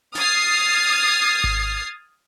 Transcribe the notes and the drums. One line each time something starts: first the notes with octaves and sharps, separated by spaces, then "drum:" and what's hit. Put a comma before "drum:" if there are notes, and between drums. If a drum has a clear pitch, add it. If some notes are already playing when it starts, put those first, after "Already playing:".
D#6 F6 G#6 A6 C7, drum: snare
drum: kick G#1